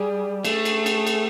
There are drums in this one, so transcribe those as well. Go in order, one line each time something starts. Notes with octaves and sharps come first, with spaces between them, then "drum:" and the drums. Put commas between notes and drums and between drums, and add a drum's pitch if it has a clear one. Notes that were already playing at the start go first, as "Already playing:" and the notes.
Already playing: G3 G#4
A3 G#4, drum: cymbal
drum: cymbal
drum: cymbal
drum: cymbal